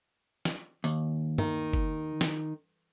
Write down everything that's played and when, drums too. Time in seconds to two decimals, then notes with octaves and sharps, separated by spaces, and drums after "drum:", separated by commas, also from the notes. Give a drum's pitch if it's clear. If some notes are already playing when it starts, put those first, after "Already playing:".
0.45 drum: snare
0.84 D#2, drum: tambourine
1.38 D#3, drum: tom G2
1.73 drum: kick F#1
2.21 drum: snare